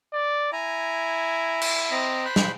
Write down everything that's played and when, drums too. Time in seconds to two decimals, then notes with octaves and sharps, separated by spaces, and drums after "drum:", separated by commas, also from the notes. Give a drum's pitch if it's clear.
0.13 D5
0.53 E4 G#5 A#5
1.62 drum: cymbal
1.91 C4 D#5 A#5
2.25 C5 B5 F#6
2.36 drum: snare